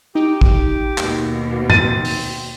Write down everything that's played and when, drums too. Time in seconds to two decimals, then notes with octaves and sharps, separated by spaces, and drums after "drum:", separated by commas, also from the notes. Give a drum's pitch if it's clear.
0.15 D#4 G4
0.41 drum: kick
0.98 D#2 B2, drum: clap
1.70 C4 A6 D#7, drum: tom G#2
2.05 drum: open hi-hat